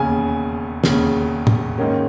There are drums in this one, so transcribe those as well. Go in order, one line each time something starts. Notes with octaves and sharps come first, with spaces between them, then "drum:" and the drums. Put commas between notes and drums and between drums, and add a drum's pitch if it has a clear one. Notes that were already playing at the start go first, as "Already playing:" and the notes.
Already playing: E1 D#2 C#3 G#5
E1 D#2 C#3, drum: snare
drum: tom
G#2 D#3 A#3 C#4